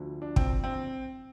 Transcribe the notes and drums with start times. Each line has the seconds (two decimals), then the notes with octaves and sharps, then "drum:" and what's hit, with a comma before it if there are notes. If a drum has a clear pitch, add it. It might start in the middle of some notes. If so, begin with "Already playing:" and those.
Already playing: D2 D3 F3
0.22 D4
0.36 C4, drum: kick
0.64 C4